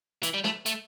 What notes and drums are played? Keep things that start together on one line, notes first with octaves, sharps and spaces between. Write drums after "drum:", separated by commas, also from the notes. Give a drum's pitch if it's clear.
E3, drum: hi-hat
G3
A3, drum: snare
A3, drum: hi-hat